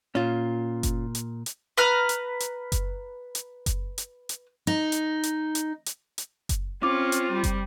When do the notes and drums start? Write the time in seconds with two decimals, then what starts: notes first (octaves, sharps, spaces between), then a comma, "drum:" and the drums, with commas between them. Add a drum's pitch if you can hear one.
0.15 A#2 C#4 F4
0.83 drum: kick F#1, hi-hat
1.15 drum: hi-hat
1.46 drum: hi-hat
1.78 B4 A#5 F6
2.09 drum: hi-hat
2.40 drum: hi-hat
2.72 drum: kick F#1, hi-hat
3.35 drum: hi-hat
3.66 drum: kick F#1, hi-hat
3.98 drum: hi-hat
4.29 drum: hi-hat
4.67 D#4
4.92 drum: hi-hat
5.23 drum: hi-hat
5.55 drum: hi-hat
5.86 drum: hi-hat
6.18 drum: hi-hat
6.49 drum: kick F#1, hi-hat
6.83 C4 C#4 F4 D6
7.12 drum: hi-hat
7.31 G3
7.44 drum: kick F#1, hi-hat